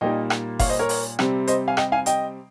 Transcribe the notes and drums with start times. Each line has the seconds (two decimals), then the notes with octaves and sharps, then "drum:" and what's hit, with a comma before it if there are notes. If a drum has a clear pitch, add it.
0.01 A#2 G3 A#3 D#4 D#5 G5
0.30 drum: rim click
0.59 C#5 F5, drum: kick F#1, open hi-hat
0.69 C5 D#5
0.79 A#4 C#5
0.89 drum: open hi-hat
1.19 C3 G3 C4, drum: rim click
1.47 C5 D#5, drum: hi-hat
1.68 F5 G#5
1.77 D#5 G5, drum: rim click
1.92 F5 G#5
2.06 D#5 G5, drum: hi-hat